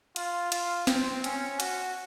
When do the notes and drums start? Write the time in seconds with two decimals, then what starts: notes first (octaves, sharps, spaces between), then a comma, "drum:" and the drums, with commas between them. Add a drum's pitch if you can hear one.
0.16 F4, drum: hi-hat
0.52 F4, drum: hi-hat
0.87 C4, drum: snare
1.24 C#4, drum: hi-hat
1.60 F#4, drum: hi-hat